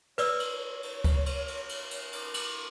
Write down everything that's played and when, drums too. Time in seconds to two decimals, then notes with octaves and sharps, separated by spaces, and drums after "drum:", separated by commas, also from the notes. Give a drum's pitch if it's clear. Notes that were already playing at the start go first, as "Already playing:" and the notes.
0.18 B4 C#5 D5 E6, drum: cymbal
0.40 drum: cymbal
0.83 drum: cymbal
1.04 drum: kick C#2, cymbal
1.26 drum: cymbal
1.48 drum: cymbal
1.69 drum: cymbal
1.91 drum: cymbal
2.12 drum: cymbal
2.34 drum: cymbal